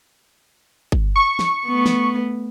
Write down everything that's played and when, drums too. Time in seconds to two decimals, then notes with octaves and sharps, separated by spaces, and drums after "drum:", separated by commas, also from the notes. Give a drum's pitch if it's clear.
0.92 drum: kick G1
1.16 C#6
1.39 drum: snare
1.67 A3 B3
1.86 drum: snare